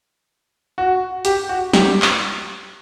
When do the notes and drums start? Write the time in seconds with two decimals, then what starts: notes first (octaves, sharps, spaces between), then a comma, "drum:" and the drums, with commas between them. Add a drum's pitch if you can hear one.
0.78 F#4
1.25 G4, drum: hi-hat
1.49 F#4
1.73 G4, drum: snare
2.02 drum: clap